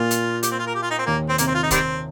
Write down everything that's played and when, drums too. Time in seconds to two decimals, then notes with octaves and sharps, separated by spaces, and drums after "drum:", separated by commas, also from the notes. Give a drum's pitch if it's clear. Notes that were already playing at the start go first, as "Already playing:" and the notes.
Already playing: A#2 A#3 F4
0.11 drum: hi-hat
0.43 G4, drum: hi-hat
0.51 C4
0.59 F4
0.67 A#4
0.75 G4
0.83 F4
0.91 D#4
0.99 C4
1.06 D#2 D#3 A#3
1.29 C4
1.38 C3 A#3, drum: hi-hat
1.47 C4
1.54 F4
1.63 D#4
1.71 D#3 G3 C4, drum: kick, hi-hat